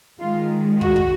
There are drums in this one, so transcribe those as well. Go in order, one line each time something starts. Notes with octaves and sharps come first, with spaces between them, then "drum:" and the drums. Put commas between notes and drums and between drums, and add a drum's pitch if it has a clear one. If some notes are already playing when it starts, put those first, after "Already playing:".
D#3 G#3 F4
F#4, drum: kick
drum: kick